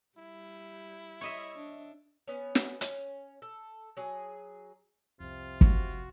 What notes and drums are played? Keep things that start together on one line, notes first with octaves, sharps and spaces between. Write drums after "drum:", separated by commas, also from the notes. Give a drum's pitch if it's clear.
G3 E4
C#5 D#5 E5
D4
B3 C#4
drum: snare
C#4, drum: hi-hat
A4
F#3 G#4
C2 F2 C3 F4
F#4, drum: kick